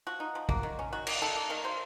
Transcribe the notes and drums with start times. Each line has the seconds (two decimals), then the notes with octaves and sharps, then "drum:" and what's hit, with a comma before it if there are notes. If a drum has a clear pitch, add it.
0.07 F3 F#4
0.20 D#4
0.35 F3
0.49 A#3, drum: kick
0.63 D#3
0.79 C#4
0.93 D#3 F#4
1.07 A#3, drum: cymbal
1.21 D#3 A4
1.36 A#3
1.50 D#3 A#4
1.64 F#3 C5